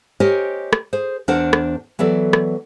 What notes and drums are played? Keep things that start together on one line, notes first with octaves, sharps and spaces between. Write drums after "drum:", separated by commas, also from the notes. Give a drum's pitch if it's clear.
G4 A#4 C5 C#5 D#5 G#5
drum: rim click
G#4 C5
E2 D4 A#4 C5 F#5
drum: rim click
E3 F#3 B3 A4 D5
drum: rim click